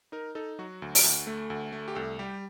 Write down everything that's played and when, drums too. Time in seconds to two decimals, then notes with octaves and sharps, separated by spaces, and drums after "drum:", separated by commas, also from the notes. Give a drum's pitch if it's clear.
0.12 D#4 A#4
0.35 D#4 A4
0.59 F#3 F#4
0.82 D2
0.95 drum: open hi-hat
1.04 D2
1.27 A3
1.50 D2
1.72 A3
1.88 G4
1.95 C2 A4
2.19 G3 G4